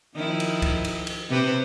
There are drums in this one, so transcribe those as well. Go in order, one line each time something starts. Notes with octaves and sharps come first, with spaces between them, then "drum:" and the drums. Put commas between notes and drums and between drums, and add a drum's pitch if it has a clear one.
D#3 F3 E4
drum: cymbal
drum: kick C#2, cymbal
drum: cymbal
drum: cymbal
C3 B4 C5